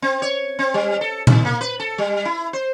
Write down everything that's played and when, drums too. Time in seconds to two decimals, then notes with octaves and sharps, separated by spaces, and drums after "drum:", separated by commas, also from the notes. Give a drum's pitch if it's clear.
0.02 C4
0.22 C#5
0.59 C4
0.74 G3
1.01 A4
1.27 D#3, drum: tom A#2
1.45 A#3
1.61 B4
1.80 A4
1.98 G3
2.25 E4
2.53 C5